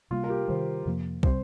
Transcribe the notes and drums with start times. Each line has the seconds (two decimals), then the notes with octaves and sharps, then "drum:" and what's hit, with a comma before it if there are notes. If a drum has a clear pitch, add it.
0.11 C3 G3 A#3 F4
0.24 A#4
0.30 G4
0.48 C3 D#3 G3 C5
0.86 F2 C3 F3 A#3
1.23 C3 G3 C4 C5, drum: kick